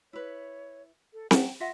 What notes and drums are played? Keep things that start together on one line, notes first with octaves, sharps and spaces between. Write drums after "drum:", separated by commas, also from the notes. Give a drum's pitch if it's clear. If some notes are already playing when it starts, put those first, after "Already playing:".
E4 B4 C#5
A4
C#4 F#5 G5 A5, drum: snare C4
F4 E5 F#5 A#6